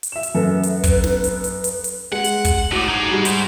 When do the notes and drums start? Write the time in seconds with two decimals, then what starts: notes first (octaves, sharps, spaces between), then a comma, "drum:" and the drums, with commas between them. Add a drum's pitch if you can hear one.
0.03 drum: hi-hat
0.12 E5 E7
0.23 drum: hi-hat
0.35 F#2 A4 B4
0.63 drum: hi-hat
0.83 drum: kick, hi-hat
1.04 drum: snare
1.24 drum: hi-hat
1.44 drum: hi-hat
1.64 drum: hi-hat
1.84 drum: hi-hat
2.12 G#3 F#5
2.24 drum: hi-hat
2.44 drum: kick, hi-hat
2.71 A2 F#4 D6
2.88 D#4 G#4
3.09 G3 F#4
3.25 G#2 C5, drum: hi-hat